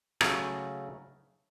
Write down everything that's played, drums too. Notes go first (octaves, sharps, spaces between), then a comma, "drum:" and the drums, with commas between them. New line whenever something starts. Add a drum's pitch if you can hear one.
C#3 F#3 A3, drum: rim click